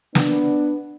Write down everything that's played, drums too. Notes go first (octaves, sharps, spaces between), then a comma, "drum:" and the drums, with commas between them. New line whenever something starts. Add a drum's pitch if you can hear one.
B3 D4, drum: snare